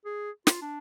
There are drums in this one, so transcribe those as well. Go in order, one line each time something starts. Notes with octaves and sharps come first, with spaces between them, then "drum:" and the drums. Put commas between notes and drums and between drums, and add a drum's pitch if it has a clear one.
G#4
F4, drum: snare
D4